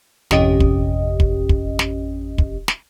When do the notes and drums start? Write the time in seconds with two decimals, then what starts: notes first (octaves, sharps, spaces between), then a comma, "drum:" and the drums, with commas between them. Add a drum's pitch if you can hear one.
0.31 G#1 F2 C3 C#4 G4 D#5, drum: snare
0.60 drum: kick
1.20 drum: kick
1.49 drum: kick
1.79 drum: snare
2.38 drum: kick
2.68 drum: snare